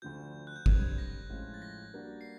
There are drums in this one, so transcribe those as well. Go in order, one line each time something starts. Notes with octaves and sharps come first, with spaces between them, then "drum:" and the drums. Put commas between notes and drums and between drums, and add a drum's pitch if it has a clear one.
D2 D3 F3 G6
F#6
G6
D3 G3 C4 G#6, drum: kick G#1
G#6
A#6
A2 F3 G#3 C#4 F4
A6
A#6
G3 A#3 D4 F#4
C7